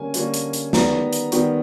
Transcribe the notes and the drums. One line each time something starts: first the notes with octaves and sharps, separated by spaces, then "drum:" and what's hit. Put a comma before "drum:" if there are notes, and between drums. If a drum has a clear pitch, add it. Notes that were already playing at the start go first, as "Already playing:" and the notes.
Already playing: D3 G3 A#3 C#4 G#5
D3 G3 A#3 C#4, drum: hi-hat
drum: hi-hat
drum: hi-hat
D#3 G3 B3 A#5, drum: snare
drum: hi-hat
D#3 G3 B3, drum: hi-hat